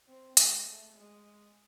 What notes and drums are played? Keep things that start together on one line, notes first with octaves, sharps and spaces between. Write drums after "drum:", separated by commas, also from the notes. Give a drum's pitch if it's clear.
C4
G#3, drum: hi-hat
A3
G#3